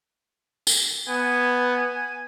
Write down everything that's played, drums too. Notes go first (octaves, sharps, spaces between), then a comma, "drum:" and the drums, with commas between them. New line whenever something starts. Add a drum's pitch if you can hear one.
drum: tambourine
B3 G#5